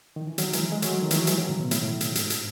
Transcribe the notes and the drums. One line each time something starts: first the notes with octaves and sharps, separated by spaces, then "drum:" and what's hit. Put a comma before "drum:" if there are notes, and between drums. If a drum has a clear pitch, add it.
D#3
E3
D#3 F#3, drum: hi-hat
E3 G#3, drum: hi-hat
G#3
F#3 A3, drum: hi-hat
D#3
E3, drum: hi-hat
F#3
E3 G#3, drum: hi-hat
D#3 F#3
A2 C#3
B2
A2, drum: hi-hat
drum: hi-hat
G#2, drum: hi-hat
drum: hi-hat